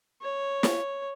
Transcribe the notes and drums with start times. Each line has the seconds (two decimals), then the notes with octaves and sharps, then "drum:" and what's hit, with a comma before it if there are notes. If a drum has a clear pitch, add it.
0.22 C#5
0.63 drum: snare